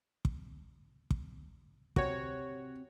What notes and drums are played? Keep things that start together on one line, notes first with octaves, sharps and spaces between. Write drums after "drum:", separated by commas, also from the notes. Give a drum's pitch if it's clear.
drum: kick
drum: kick
C3 F#4 C#5, drum: kick